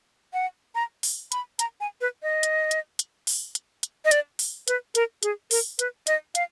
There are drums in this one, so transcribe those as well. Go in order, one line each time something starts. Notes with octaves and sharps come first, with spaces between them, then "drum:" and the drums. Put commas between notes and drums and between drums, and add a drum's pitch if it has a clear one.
F#5
A#5
drum: open hi-hat
B5, drum: hi-hat
A#5, drum: hi-hat
G#5
B4
D#5
drum: hi-hat
drum: hi-hat
drum: hi-hat
drum: open hi-hat
drum: hi-hat
drum: hi-hat
D#5
D5, drum: hi-hat
drum: open hi-hat
B4, drum: hi-hat
A#4, drum: hi-hat
G#4, drum: hi-hat
A#4, drum: open hi-hat
B4, drum: hi-hat
D#5, drum: hi-hat
F5, drum: hi-hat